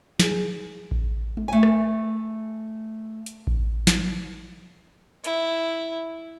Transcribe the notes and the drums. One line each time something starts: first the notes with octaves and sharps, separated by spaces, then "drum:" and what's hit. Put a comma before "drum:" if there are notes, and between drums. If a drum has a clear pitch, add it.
G#4, drum: snare
drum: kick A1
drum: tom G#3
A3 G#5
drum: rim click
drum: hi-hat
drum: kick A1
drum: snare
E4, drum: hi-hat